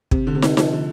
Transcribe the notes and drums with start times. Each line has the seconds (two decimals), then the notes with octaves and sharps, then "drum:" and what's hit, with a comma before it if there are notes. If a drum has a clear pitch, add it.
0.11 C3, drum: kick
0.27 D3
0.35 C3
0.42 D3, drum: snare
0.57 F3, drum: snare
0.73 D3